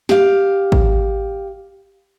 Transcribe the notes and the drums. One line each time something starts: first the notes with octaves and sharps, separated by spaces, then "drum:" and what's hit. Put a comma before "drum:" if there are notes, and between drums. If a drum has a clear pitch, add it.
G4 F5, drum: snare
drum: kick G#1